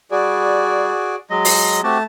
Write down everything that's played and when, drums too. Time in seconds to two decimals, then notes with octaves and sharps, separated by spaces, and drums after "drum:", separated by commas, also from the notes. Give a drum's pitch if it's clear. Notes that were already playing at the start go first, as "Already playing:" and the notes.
0.11 G3 F#4 G#4 D5
1.30 F#3 G#3 D#5
1.45 drum: open hi-hat
1.84 A3 C4 F#4 G4 A5